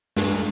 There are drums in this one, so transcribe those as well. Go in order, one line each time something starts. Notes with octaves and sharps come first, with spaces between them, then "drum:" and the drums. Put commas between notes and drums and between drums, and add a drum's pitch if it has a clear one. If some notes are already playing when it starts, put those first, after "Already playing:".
G2, drum: snare